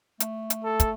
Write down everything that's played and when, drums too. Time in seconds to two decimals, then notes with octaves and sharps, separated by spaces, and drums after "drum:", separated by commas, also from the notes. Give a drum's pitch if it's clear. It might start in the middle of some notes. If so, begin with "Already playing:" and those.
0.20 A3, drum: hi-hat
0.50 drum: hi-hat
0.64 A4
0.80 drum: kick, hi-hat